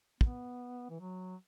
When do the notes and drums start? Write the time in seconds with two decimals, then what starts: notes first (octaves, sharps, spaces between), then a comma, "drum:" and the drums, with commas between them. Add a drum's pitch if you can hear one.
0.21 B3, drum: kick
0.90 E3
1.00 F#3